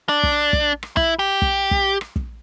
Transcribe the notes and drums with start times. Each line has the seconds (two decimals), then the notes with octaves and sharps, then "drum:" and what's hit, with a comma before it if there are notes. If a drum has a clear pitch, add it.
0.09 D4
0.23 drum: kick
0.53 drum: kick
0.83 drum: rim click
0.97 E4, drum: kick
1.19 G4
1.42 drum: kick
1.71 drum: kick
2.01 drum: rim click
2.16 drum: kick